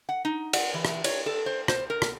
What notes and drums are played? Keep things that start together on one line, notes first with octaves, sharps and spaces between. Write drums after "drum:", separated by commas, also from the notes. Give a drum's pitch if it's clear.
F#5
D#4
F#5, drum: cymbal
E3
drum: rim click
C#5, drum: cymbal
A4
C5
C5, drum: rim click
A#4
drum: rim click